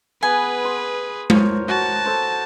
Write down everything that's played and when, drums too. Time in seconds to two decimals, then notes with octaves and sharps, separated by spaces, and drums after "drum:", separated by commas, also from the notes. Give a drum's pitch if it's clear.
0.23 B3 G#4 B4 G#5
0.65 C6
1.30 A#4 C5 C#5, drum: tom G#3
1.68 F#4 A5
2.06 A4 C5